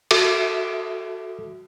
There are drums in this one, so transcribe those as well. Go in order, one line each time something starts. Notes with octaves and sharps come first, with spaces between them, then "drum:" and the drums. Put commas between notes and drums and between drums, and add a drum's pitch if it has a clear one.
F#4 A4 E5 D6, drum: cymbal